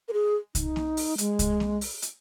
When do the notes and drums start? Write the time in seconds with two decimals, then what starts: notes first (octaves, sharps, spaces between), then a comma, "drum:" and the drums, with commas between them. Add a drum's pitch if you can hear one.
0.08 A#4
0.13 G#4
0.55 D#4, drum: kick C2, hi-hat
0.76 drum: snare A#3
0.97 drum: open hi-hat
1.18 G#3, drum: hi-hat
1.39 drum: kick C2, hi-hat
1.60 drum: snare A#3
1.81 drum: open hi-hat
2.02 drum: hi-hat